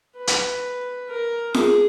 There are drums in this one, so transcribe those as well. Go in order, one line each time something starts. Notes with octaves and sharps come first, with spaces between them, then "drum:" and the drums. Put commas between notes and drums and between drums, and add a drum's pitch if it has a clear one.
B4
drum: hi-hat
A#4
G#4, drum: snare F4